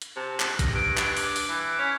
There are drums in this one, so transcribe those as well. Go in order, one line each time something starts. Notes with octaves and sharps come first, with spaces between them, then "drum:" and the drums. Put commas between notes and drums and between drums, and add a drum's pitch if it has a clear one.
drum: hi-hat
C3 A5
drum: clap
G2 A#6, drum: kick, hi-hat
G2 D7
drum: clap
D6, drum: open hi-hat
drum: open hi-hat
E3
C#4 B6